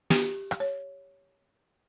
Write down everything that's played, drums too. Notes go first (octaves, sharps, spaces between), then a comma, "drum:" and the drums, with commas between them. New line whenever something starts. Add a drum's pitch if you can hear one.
G4, drum: snare
drum: rim click
C#5